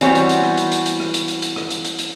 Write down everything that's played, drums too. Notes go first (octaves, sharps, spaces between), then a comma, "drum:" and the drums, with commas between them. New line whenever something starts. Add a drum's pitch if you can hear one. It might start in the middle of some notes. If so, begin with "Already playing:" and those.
E3 G3 B3 C4 F#4 C#5, drum: hi-hat
drum: hi-hat
drum: hi-hat
drum: rim click
drum: hi-hat
drum: hi-hat
drum: hi-hat
drum: rim click
drum: hi-hat
drum: hi-hat
drum: hi-hat
drum: rim click
drum: hi-hat
drum: hi-hat
drum: hi-hat